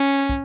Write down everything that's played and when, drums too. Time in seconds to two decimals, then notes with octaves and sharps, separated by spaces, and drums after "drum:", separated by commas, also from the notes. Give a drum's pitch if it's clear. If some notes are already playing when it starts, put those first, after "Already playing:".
Already playing: C#4
0.29 drum: kick